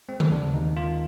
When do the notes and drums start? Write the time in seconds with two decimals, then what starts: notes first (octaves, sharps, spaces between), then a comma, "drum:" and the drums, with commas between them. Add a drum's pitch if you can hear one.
0.09 G#3 C4
0.20 drum: tom C#3
0.31 D#2 D4
0.54 D#2 D#4
0.77 D#3 F4